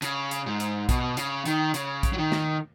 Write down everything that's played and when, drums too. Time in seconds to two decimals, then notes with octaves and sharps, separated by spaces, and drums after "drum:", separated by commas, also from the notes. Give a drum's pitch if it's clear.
0.02 C#3, drum: hi-hat
0.31 drum: hi-hat
0.46 G#2
0.60 drum: hi-hat
0.89 B2, drum: kick A#1, hi-hat
1.17 C#3, drum: hi-hat
1.45 D#3, drum: hi-hat
1.74 C#3, drum: hi-hat
2.03 drum: kick A#1, hi-hat
2.13 F#3
2.18 D#3
2.32 drum: snare